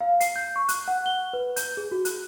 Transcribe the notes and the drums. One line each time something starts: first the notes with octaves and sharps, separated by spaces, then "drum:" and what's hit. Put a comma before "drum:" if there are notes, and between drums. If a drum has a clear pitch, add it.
F5
C7, drum: hi-hat
G6
C#6
F#6, drum: hi-hat
F#5
G7
B4
G6, drum: hi-hat
G#4
F#4
F#6, drum: hi-hat